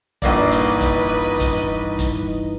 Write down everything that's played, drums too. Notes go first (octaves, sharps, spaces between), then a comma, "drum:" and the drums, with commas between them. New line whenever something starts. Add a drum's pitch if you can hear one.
A#1 G2 E3 A#3 D#4 B4 D5 D#5, drum: kick, hi-hat
drum: hi-hat
drum: kick, hi-hat
drum: kick, hi-hat
drum: kick, hi-hat